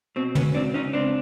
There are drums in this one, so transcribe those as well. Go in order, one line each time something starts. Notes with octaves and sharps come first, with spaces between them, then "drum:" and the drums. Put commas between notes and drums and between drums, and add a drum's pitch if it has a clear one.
B2 C4
B3 C#4, drum: tom
C#2 C4 D4
C#4 D#4
C#2 C4 D4